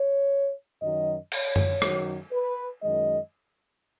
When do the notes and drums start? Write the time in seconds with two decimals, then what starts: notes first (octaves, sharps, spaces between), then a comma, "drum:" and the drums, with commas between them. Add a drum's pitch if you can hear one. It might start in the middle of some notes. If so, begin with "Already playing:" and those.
Already playing: C#5
0.81 F#2 D#3 F#3 D#5
1.32 C#5, drum: cymbal
1.56 drum: tom F#2
1.82 F#2 D#3 F#3, drum: rim click
2.32 B4
2.82 F#2 D#3 G#3 D#5